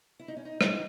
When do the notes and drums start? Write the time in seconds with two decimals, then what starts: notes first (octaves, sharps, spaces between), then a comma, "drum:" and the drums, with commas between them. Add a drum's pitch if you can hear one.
0.20 E4
0.28 D#4
0.37 C#4
0.45 D#4
0.61 D#4, drum: rim click